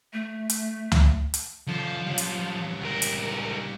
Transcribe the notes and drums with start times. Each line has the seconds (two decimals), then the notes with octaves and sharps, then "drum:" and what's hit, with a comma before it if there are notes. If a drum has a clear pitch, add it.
0.13 A3
0.50 drum: hi-hat
0.92 drum: tom C#2
1.34 drum: hi-hat
1.68 C#3 F3 A4
2.06 G3 C#4
2.18 drum: hi-hat
2.81 C#2 A#4
3.02 drum: hi-hat